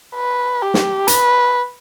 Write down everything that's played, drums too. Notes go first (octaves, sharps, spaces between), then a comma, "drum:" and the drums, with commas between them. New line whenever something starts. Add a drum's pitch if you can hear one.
B4
G4
drum: snare
B4, drum: hi-hat